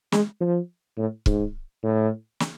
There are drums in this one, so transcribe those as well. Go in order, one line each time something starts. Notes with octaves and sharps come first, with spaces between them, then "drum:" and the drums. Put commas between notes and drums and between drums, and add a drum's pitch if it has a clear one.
G#3, drum: snare
F3
A2
G#2, drum: kick
A2
drum: snare